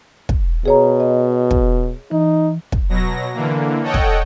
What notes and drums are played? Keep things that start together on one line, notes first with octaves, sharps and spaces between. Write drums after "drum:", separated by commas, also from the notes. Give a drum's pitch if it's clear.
drum: kick
B2 G#4 C#5 A#5
D#5
drum: kick
E3 D#4
drum: kick
B2 F#3 A#6
D3 E3 A#3
A4 C#5 D#5 F#5 G5
drum: kick